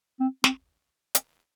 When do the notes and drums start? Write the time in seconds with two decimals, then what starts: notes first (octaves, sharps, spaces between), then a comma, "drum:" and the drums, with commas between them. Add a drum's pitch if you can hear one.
0.20 C4
0.44 C4, drum: snare
1.15 drum: hi-hat